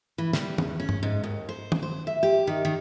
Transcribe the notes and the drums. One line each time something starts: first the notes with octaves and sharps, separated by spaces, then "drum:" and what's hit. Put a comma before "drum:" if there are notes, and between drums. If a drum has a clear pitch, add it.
E3
G3, drum: snare
E2, drum: tom
C#4
drum: tom G2
G#2
D#2
C5
drum: tom
C5
E5
G4
D#3
D#3